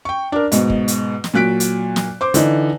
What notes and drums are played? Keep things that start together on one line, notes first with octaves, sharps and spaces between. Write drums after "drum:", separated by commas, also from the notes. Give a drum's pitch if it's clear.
G5 C#6
D4 A#4
G#2 B2, drum: hi-hat
drum: kick
drum: hi-hat
drum: snare
A#2 F#3 F#6 B6 D7
drum: hi-hat
drum: snare
C5 C6 D6
D3 E3 D#4, drum: hi-hat